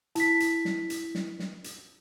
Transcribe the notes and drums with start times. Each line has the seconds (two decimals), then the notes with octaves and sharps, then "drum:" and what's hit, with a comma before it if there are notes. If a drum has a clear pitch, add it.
0.15 E4 B6, drum: hi-hat
0.40 drum: hi-hat
0.65 drum: snare
0.90 drum: hi-hat
1.15 drum: snare
1.39 drum: snare
1.64 drum: hi-hat